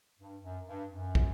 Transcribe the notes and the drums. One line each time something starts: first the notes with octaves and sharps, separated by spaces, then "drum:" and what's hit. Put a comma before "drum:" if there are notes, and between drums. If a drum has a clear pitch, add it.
G2
F#2
G2
F#2
drum: kick